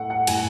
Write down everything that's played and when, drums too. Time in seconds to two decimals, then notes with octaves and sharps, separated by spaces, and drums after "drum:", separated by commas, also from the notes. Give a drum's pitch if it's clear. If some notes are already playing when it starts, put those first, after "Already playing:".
Already playing: A2 A3 F#5
0.10 F#5
0.27 A2 G#5, drum: cymbal